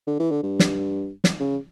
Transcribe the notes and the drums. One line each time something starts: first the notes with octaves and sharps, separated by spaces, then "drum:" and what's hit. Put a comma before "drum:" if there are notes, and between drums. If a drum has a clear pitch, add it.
D3
E3
D3
G2
drum: snare
drum: snare
C#3